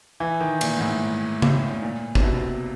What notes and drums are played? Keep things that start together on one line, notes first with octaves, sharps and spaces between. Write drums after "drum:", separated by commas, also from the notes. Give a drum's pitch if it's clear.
E3
D#3
A#2, drum: cymbal
G#2
A2
A2, drum: tom C#3
A#2
C3, drum: kick
B2